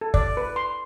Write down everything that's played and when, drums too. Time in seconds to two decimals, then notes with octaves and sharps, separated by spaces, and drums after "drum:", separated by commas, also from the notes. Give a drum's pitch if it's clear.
0.01 A4
0.14 D5, drum: kick
0.37 B4
0.56 C6